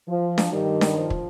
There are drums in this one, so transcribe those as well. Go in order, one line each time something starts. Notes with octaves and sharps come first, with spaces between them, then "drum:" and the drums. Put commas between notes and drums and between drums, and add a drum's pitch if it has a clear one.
F3
drum: snare D4
G2 D#3 G3
drum: snare D4
F3
drum: kick